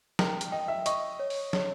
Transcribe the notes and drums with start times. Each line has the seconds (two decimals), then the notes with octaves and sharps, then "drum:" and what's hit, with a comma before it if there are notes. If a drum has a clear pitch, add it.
0.19 A#4 G5, drum: snare
0.41 drum: hi-hat
0.52 D#5 G5
0.68 E5
0.86 D#5 C#6, drum: hi-hat
1.20 C#5
1.30 drum: open hi-hat
1.53 C#5, drum: snare